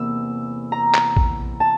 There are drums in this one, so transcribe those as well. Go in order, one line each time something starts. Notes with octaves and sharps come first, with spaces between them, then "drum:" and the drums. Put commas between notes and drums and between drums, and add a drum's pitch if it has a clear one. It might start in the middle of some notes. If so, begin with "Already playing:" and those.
Already playing: E2 C3 E3 A#3 E6
A#5
drum: clap
drum: kick
A5